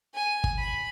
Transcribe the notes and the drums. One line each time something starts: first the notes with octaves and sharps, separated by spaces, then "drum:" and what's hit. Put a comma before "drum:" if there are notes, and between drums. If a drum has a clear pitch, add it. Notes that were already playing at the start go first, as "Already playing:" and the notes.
G#5
drum: kick
B5